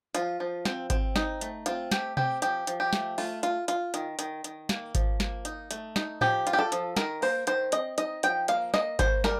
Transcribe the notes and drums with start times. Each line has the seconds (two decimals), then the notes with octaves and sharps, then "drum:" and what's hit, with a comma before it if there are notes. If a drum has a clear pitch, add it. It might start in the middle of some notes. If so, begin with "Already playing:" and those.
0.15 F3 F4, drum: hi-hat
0.40 F3
0.65 C4, drum: snare
0.90 C4, drum: kick G#1, hi-hat
1.16 D#4, drum: snare
1.41 A3, drum: hi-hat
1.66 C4 F4, drum: hi-hat
1.92 A3 G4, drum: snare
2.17 C4 G4, drum: tom B2
2.42 F3 G4, drum: hi-hat
2.67 F3, drum: hi-hat
2.80 G4
2.93 A3, drum: snare
3.18 A3 F4, drum: open hi-hat
3.43 F4, drum: hi-hat
3.68 F4, drum: hi-hat
3.94 D#3, drum: hi-hat
4.19 D#3, drum: hi-hat
4.44 D#3, drum: hi-hat
4.69 A#3, drum: snare
4.95 F3, drum: kick G#1, hi-hat
5.20 A#3, drum: snare
5.45 D#4, drum: hi-hat
5.71 A3, drum: hi-hat
5.96 D#4, drum: snare
6.21 F3 G4, drum: tom A2
6.47 F4, drum: hi-hat
6.53 G4
6.59 A4
6.72 F3, drum: hi-hat
6.97 D#3 A#4, drum: snare
7.22 A#3 C5, drum: open hi-hat
7.47 D#3 C5, drum: hi-hat
7.72 C4 D#5, drum: hi-hat
7.98 D#4 D#5, drum: hi-hat
8.23 F3 G5, drum: hi-hat
8.48 A#3 F5, drum: hi-hat
8.74 A#3 D#5, drum: snare
8.99 A#3 C5, drum: kick G#1, hi-hat
9.24 G3 A#4, drum: snare